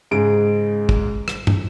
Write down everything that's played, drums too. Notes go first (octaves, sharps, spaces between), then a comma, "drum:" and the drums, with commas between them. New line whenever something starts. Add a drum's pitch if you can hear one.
G#2 C#3 G#4 D7
drum: kick
drum: rim click
drum: tom